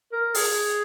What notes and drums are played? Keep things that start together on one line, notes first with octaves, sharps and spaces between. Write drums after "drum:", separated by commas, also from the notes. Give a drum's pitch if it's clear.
A#4
G#4, drum: open hi-hat